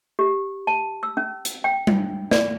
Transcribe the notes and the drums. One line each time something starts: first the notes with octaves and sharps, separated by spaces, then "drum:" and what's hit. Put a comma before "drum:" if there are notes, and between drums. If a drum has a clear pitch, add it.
G4
A5
E6
C#4
drum: hi-hat
G5
drum: tom G3
D5, drum: snare